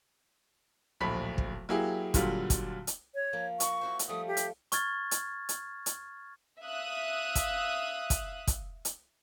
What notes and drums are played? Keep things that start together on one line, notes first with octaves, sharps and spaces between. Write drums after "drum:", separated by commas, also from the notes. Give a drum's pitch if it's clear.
D1 A#1 B5 B6
drum: kick
F#3 A#3 E4 G4 G#4
A#2 D3 F#3 G3 F4, drum: kick, hi-hat
drum: kick, hi-hat
drum: hi-hat
C#5
F3 A#3
C#6, drum: hi-hat
E4 F#4 C5
drum: hi-hat
F3 G3 A3 D#6
G4
drum: hi-hat
C#6 F6 G#6 A6, drum: hi-hat
drum: hi-hat
drum: hi-hat
drum: hi-hat
E5 F5 D#6 F#6
drum: kick, hi-hat
drum: kick, hi-hat
drum: kick, hi-hat
drum: hi-hat